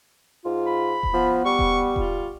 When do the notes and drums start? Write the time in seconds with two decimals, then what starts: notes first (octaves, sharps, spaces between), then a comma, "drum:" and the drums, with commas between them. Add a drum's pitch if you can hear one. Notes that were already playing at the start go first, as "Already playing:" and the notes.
0.45 G#2 F4
0.66 B5
1.03 drum: kick E1
1.13 F3 B3
1.45 G3 C#6
1.59 drum: kick E1
1.96 F4, drum: kick E1